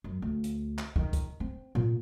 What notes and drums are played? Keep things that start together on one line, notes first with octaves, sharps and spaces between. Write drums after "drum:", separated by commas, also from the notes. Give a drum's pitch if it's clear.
F#2
D2
drum: hi-hat
drum: clap
D#3, drum: kick
drum: kick, hi-hat
C4
A#2